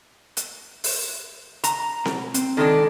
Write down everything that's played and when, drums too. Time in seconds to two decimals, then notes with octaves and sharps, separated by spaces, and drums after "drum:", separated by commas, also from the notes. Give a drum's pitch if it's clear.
0.37 drum: hi-hat
0.84 drum: open hi-hat
1.64 A#5, drum: hi-hat
2.05 B2, drum: snare C4
2.34 C4, drum: hi-hat
2.57 B2 D#3 G#3 D4 A4